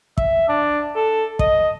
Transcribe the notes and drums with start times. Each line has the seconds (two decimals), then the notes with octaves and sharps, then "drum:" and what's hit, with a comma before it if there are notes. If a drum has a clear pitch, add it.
0.18 E5, drum: kick
0.49 D4
0.96 A4
1.39 D#5, drum: kick